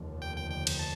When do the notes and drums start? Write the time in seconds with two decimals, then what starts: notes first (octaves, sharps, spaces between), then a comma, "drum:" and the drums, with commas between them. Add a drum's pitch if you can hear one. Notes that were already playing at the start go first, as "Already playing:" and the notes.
Already playing: F1 D#2 D3 F3
0.22 G5
0.36 G5
0.51 G5
0.67 drum: cymbal
0.79 A5